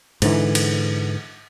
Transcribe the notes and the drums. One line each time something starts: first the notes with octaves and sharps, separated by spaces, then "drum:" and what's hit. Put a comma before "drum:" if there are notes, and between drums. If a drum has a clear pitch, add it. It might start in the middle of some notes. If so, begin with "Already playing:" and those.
G#2 D3 E3, drum: cymbal
drum: cymbal